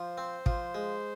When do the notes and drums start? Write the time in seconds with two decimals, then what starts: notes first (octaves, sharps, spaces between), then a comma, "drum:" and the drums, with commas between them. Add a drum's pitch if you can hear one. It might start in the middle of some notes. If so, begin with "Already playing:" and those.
Already playing: F3 C5
0.18 C4
0.46 F3, drum: kick
0.75 G#3